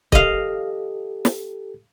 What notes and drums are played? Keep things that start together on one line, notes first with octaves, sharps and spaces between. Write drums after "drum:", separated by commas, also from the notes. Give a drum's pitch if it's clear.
G4 A4 D#5 F5, drum: kick C#1
drum: snare